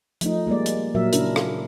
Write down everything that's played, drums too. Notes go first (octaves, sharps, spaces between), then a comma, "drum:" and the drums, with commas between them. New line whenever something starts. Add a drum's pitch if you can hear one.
F3 A3 D#4, drum: hi-hat
G3 G#3 A#3 D5
drum: hi-hat
A#2 F#3 A#4 E5
C#3 C#4 D4 E4 A#4, drum: hi-hat
drum: rim click